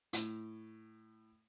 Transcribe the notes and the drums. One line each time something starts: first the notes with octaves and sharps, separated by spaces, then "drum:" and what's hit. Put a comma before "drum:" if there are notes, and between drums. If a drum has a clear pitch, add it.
A2, drum: hi-hat